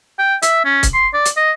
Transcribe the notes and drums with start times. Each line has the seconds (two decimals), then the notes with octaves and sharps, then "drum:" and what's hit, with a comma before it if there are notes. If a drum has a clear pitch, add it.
0.19 G5
0.43 E5, drum: hi-hat
0.65 C#4
0.83 drum: kick C#1, hi-hat
0.94 C6
1.13 D5
1.26 drum: hi-hat
1.37 D#5